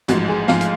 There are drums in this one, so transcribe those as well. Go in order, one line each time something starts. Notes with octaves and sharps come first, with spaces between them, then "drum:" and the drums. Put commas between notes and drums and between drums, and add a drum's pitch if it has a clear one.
A1 G#2 F3 F#4, drum: hi-hat
G#4
G#2 F3 F5, drum: snare
drum: hi-hat